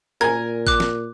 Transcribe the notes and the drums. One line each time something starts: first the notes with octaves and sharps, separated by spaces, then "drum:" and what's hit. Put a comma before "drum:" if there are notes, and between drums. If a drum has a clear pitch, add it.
A#2 A#4 G#5 G#6
D6 F#6, drum: kick
drum: snare